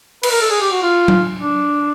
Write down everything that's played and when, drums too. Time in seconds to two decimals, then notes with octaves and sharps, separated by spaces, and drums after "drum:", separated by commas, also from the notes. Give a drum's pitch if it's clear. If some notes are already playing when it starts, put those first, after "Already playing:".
0.23 B4, drum: cymbal
0.31 A#4
0.41 A4
0.50 G#4
0.61 G4
0.72 F#4
0.83 F4
1.08 drum: tom F#3
1.38 D4